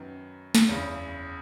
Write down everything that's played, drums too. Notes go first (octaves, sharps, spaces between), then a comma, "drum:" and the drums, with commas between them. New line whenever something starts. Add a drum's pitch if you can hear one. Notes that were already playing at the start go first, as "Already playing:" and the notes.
Already playing: F#2 D#3 B3
drum: snare
F#1 E2 C#3